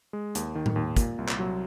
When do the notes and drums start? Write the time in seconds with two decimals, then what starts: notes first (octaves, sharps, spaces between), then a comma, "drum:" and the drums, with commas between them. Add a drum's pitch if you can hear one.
0.13 G#3
0.35 D#2, drum: hi-hat
0.55 D#3
0.66 drum: tom A2
0.76 D#2
0.97 A#2, drum: kick, hi-hat
1.18 C2
1.28 drum: clap
1.39 F#3